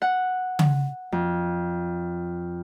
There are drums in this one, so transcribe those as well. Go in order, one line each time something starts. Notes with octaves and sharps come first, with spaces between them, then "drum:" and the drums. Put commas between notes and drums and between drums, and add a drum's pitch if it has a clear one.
F#5
drum: tom C#3
F2